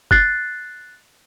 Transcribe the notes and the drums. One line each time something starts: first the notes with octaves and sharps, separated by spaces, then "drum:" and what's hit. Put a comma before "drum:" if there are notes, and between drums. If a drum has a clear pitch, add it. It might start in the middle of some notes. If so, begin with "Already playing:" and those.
F#6 A6 C7, drum: kick